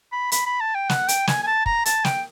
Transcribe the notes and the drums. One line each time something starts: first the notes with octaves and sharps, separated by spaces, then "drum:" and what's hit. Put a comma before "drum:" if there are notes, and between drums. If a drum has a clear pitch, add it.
B5
B5, drum: hi-hat
B5
A5
G5
F#5, drum: snare
G5, drum: hi-hat
G#5, drum: snare
G#5
A5
A#5, drum: kick
A5, drum: hi-hat
G5, drum: snare